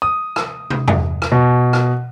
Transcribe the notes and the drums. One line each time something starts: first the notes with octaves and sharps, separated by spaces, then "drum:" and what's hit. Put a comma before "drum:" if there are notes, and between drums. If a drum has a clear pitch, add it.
D#6
drum: rim click
drum: tom
drum: tom E2
drum: rim click
B2
drum: rim click